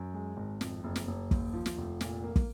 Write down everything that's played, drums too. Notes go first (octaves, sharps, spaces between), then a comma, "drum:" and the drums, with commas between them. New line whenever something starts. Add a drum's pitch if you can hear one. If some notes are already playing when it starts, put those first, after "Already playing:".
Already playing: F#2
G#3
G#1
F2, drum: snare
F#1
drum: snare
F#1
D#2, drum: kick
F3
drum: snare
F1
A#2, drum: snare
A#3
drum: kick